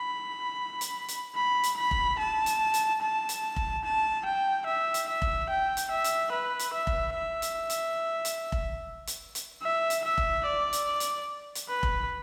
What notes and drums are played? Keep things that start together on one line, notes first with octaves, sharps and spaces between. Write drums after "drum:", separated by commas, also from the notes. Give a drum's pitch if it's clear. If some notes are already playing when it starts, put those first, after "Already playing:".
Already playing: B5
drum: hi-hat
drum: hi-hat
B5
drum: hi-hat
B5
drum: kick F1
A5
drum: hi-hat
drum: hi-hat
A5
drum: hi-hat
drum: kick F1
A5
G5
E5
drum: hi-hat
E5
drum: kick F1
G5
drum: hi-hat
E5
drum: hi-hat
B4
drum: hi-hat
E5
drum: kick F1
E5
drum: hi-hat
drum: hi-hat
drum: hi-hat
drum: kick F1
drum: hi-hat
drum: hi-hat
E5
drum: hi-hat
E5
drum: kick F1
D5
drum: hi-hat
drum: hi-hat
drum: hi-hat
B4
drum: kick F1